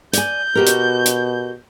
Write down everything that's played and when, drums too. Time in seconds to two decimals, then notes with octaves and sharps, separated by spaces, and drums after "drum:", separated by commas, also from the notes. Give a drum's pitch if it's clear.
0.13 D5 G#5 G6, drum: hi-hat
0.55 B2 F#4 G4 A#4
0.66 drum: hi-hat
1.06 drum: hi-hat